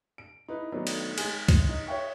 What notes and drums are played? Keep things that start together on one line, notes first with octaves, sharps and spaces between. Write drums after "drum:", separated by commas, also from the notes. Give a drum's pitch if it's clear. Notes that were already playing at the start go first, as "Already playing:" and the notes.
D7
D#4 E4 B4
D#3 F#3 A3 B3 D4 D#4
drum: cymbal
G#3 D#4 G#4, drum: cymbal
drum: kick, cymbal
D#4
C#5 E5 G5 C#6